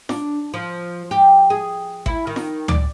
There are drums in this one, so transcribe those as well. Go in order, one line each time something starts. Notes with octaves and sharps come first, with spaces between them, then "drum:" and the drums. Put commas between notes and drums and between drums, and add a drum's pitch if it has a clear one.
D4, drum: snare F4
F3
G4
G#4
E4, drum: kick G#1
D#3
drum: snare F4
D5, drum: tom D2